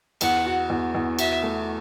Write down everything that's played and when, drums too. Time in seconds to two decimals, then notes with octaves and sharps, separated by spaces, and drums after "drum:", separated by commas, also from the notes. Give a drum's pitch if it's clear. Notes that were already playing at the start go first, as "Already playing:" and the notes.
0.21 E2 F#5, drum: cymbal
0.46 F#4
0.70 E2
0.95 E2
1.19 F#4 E5, drum: cymbal
1.43 A3